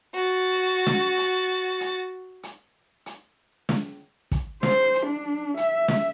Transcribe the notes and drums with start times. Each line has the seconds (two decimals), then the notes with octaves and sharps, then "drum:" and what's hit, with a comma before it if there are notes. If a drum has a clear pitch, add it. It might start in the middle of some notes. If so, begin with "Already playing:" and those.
0.14 F#4 A6
0.87 drum: snare
1.18 drum: hi-hat
1.81 drum: hi-hat
2.43 drum: hi-hat
3.06 drum: hi-hat
3.69 drum: snare
4.32 drum: kick, hi-hat
4.63 C5, drum: snare
4.94 drum: hi-hat
5.06 D4
5.57 E5, drum: hi-hat
5.88 drum: snare